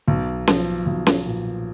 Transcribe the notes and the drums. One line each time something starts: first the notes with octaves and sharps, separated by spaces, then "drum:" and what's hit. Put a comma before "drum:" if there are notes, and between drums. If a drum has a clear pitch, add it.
B1
F3, drum: snare C#4
B1
drum: snare C#4
A#2